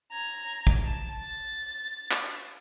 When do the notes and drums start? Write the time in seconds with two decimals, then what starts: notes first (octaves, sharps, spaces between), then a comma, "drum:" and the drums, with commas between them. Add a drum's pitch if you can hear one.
0.12 A#5 G#6
0.67 drum: kick
0.85 A5
1.19 A6
2.11 drum: clap